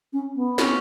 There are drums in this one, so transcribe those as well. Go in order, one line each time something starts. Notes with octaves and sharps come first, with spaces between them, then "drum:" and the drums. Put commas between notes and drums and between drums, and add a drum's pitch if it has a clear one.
C#4
B3
C#4, drum: snare